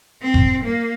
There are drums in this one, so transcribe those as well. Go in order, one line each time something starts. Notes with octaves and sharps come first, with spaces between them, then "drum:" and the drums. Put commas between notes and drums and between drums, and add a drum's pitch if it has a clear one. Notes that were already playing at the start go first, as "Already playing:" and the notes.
C4
drum: kick F#1
A#3